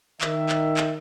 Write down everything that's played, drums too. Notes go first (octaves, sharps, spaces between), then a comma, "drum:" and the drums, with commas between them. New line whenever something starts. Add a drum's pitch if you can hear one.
D#3 E5, drum: clap
drum: clap
drum: clap